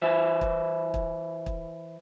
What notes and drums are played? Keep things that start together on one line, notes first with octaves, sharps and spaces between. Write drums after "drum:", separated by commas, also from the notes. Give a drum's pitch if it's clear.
E3 C5 E5
drum: kick
drum: kick
drum: kick